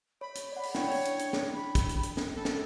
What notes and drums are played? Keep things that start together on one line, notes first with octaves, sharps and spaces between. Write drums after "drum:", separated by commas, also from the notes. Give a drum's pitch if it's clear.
C#5 B5
drum: hi-hat
D5 F#5
drum: open hi-hat
D4 E4 C#5 G5, drum: snare
drum: open hi-hat
drum: hi-hat
drum: hi-hat
drum: snare
B5
drum: kick, hi-hat
drum: hi-hat
drum: hi-hat
drum: snare
A4
drum: snare